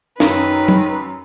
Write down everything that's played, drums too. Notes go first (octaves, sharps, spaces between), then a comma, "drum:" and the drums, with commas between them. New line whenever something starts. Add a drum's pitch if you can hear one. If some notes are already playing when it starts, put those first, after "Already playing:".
F#2 D#3 C#4 B4, drum: snare
drum: tom